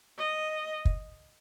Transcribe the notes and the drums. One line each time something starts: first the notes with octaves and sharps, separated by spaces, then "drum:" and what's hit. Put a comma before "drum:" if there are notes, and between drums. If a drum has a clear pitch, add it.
D#5
drum: kick